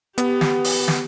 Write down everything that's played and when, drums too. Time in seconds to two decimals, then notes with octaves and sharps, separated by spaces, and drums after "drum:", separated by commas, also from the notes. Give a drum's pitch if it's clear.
0.18 B3 G4, drum: hi-hat
0.41 drum: snare
0.64 drum: open hi-hat
0.88 drum: snare